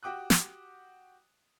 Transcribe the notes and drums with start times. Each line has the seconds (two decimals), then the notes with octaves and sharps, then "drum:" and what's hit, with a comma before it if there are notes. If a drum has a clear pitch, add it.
0.03 F#4 G4 G5 D6 D#6 F#6
0.30 drum: snare